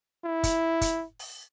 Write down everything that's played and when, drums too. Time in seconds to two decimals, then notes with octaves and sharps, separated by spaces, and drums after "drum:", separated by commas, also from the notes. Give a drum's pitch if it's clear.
0.25 E4
0.43 drum: kick, hi-hat
0.81 drum: kick, hi-hat
1.19 drum: open hi-hat